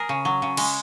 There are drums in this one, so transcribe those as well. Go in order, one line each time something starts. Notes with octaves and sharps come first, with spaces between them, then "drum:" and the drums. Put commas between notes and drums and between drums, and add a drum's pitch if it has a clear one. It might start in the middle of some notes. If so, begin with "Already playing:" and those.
Already playing: G#4 A#4
C#3
F#3
C#3
G#3, drum: cymbal